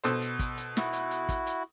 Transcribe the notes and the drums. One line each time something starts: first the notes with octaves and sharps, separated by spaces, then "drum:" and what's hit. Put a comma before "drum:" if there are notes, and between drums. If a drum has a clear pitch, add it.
B2 A4 C5, drum: hi-hat
drum: hi-hat
drum: kick, hi-hat
drum: hi-hat
E4 F#4, drum: snare
drum: hi-hat
drum: hi-hat
drum: kick, hi-hat
drum: hi-hat